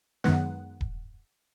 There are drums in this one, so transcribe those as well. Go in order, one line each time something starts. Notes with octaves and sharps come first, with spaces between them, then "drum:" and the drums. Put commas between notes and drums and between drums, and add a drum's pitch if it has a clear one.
F#2 D#3 G#3 B3 F#5, drum: snare
drum: kick D#1